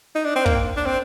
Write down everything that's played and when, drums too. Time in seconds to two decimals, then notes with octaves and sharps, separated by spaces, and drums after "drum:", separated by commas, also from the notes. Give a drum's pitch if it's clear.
0.15 D#4
0.25 D4
0.36 C4
0.46 A#3, drum: kick
0.77 D4
0.86 C4